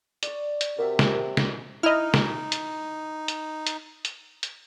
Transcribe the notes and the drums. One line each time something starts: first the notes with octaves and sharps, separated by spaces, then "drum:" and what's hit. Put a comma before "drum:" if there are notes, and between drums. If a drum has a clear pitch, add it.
D5 C#6, drum: hi-hat
drum: hi-hat
C3 F#4 G4 A#4 E5
drum: snare
drum: snare
D#4 E4 D#5 F6
drum: snare
drum: hi-hat
drum: hi-hat
drum: hi-hat
drum: hi-hat
drum: hi-hat